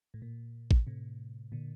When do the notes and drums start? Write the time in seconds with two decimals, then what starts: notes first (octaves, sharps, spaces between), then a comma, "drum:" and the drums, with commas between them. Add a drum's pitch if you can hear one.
0.14 A2
0.22 A#2
0.71 drum: kick A1
0.87 A2 C3
1.52 A#2 D3